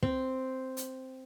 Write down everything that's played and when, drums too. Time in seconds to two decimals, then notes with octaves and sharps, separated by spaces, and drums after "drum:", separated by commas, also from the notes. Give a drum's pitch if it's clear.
0.03 C4, drum: kick
0.77 drum: hi-hat